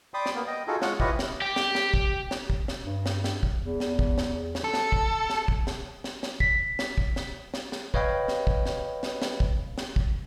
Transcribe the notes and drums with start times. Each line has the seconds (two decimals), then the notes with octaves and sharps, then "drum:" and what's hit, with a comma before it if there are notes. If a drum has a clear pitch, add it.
0.14 D5 G5 B5 C6 D6 D#6
0.26 drum: snare
0.35 A#3 B3
0.47 D#5 G5
0.67 D#4 F4 F#4 G#4 A4
0.82 G#3 F4 C#5 F#5, drum: snare
1.00 E4 F4 G4 B4 C#5 D#5, drum: kick
1.19 drum: snare
1.42 G4
1.56 drum: snare
1.75 drum: snare
1.94 drum: kick
2.31 drum: snare
2.50 drum: kick
2.68 drum: snare
2.83 G2
3.06 drum: snare
3.24 drum: snare
3.43 drum: kick
3.60 E2
3.80 drum: snare
3.99 drum: kick
4.18 drum: snare
4.55 drum: snare
4.64 A4
4.74 drum: snare
4.92 drum: kick
5.30 drum: snare
5.48 drum: kick
5.67 drum: snare
6.04 drum: snare
6.23 drum: snare
6.40 B6, drum: kick
6.79 drum: snare
6.98 drum: kick
7.16 drum: snare
7.54 drum: snare
7.72 drum: snare
7.94 B4 C#5 D#5 F5 G5 B5, drum: kick
8.28 drum: snare
8.47 drum: kick
8.66 drum: snare
9.03 drum: snare
9.22 drum: snare
9.40 drum: kick
9.78 drum: snare
9.96 drum: kick